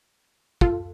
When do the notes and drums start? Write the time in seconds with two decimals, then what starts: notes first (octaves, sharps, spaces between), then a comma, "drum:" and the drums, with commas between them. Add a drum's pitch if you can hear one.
0.61 F4 A4, drum: kick